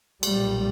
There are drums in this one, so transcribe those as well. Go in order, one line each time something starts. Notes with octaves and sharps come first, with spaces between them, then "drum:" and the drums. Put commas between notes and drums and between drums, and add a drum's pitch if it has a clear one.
B1 A#2 G3, drum: cymbal